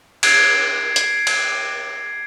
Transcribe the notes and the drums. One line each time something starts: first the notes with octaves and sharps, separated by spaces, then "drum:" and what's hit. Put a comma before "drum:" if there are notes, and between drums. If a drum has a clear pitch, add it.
G#6 C7 D7, drum: cymbal
drum: hi-hat
drum: cymbal